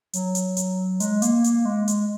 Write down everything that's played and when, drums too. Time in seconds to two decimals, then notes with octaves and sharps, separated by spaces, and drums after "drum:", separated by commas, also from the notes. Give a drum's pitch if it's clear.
0.13 F#3, drum: hi-hat
0.35 drum: hi-hat
0.57 drum: hi-hat
1.00 G#3, drum: hi-hat
1.22 A#3, drum: hi-hat
1.44 A#3, drum: hi-hat
1.65 G#3
1.88 G#3, drum: hi-hat